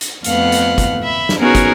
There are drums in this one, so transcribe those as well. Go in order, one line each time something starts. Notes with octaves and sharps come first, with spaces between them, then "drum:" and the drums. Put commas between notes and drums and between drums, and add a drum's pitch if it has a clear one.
drum: hi-hat
F2 A3 B3 F5 F#5, drum: hi-hat
drum: hi-hat
drum: kick, hi-hat
E5 B5
drum: snare
B3 C#4 D#4 F#4 G#4 A#4
drum: kick, hi-hat